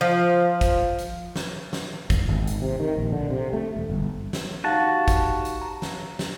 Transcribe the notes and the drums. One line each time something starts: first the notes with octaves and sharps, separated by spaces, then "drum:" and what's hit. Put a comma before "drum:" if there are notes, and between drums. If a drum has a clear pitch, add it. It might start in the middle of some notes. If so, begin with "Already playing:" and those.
F3
drum: kick, hi-hat
drum: hi-hat
drum: snare
drum: snare
G#1, drum: kick, hi-hat
G#1
drum: hi-hat
C3
D#3
A#1
D3
C3
A3
E1
G1
drum: snare
D#4 F#4 G4 F5 A5
drum: kick, hi-hat
drum: hi-hat
A#5
drum: snare
drum: snare